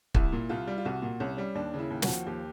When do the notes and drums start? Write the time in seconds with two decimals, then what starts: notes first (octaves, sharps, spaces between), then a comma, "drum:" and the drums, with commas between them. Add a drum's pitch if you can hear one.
0.15 C2 E4, drum: kick
0.32 A#2
0.49 C2 F4
0.67 G3
0.78 F4
0.85 C2 F#4
1.02 A#2
1.20 C2 C#4
1.37 G3 C#4
1.55 D#2 D4
1.74 C#3 E4
1.90 D#2
2.02 F#4, drum: snare
2.08 F3
2.26 D#2 G4